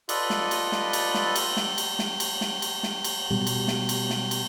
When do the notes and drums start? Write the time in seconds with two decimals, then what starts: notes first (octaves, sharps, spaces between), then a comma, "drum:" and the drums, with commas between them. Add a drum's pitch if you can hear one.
0.09 F4 A4 B4 D5 D#5, drum: cymbal
0.30 drum: snare
0.51 drum: cymbal
0.72 drum: snare
0.93 drum: cymbal
1.14 drum: snare
1.36 drum: cymbal
1.57 drum: snare
1.78 drum: cymbal
1.99 drum: snare
2.20 drum: cymbal
2.41 drum: snare
2.62 drum: cymbal
2.83 drum: snare
3.04 drum: cymbal
3.31 B2 G3
3.47 drum: cymbal
3.68 drum: snare
3.89 drum: cymbal
4.10 drum: snare
4.31 drum: cymbal